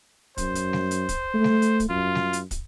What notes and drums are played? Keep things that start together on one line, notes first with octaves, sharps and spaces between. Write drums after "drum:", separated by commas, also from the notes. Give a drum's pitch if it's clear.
F#2 C5, drum: kick, hi-hat
drum: hi-hat
drum: snare G3
drum: hi-hat
drum: kick, hi-hat
A3
drum: snare G3
drum: hi-hat
drum: kick, hi-hat
F#2 F4
drum: snare G3
drum: hi-hat
drum: kick, hi-hat